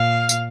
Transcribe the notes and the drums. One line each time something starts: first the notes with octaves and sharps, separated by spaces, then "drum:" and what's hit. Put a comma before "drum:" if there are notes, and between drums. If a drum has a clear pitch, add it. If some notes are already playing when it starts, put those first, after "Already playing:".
Already playing: A#2 F5
drum: tambourine